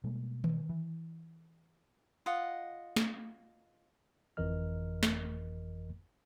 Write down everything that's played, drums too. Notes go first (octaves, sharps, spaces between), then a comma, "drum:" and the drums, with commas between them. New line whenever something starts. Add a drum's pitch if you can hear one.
B2 G3 G#3 A#3
drum: tom D#3
E3
F4 D#5 F#5
drum: snare
G1 F2 E3 A#4 D#5 F6
drum: snare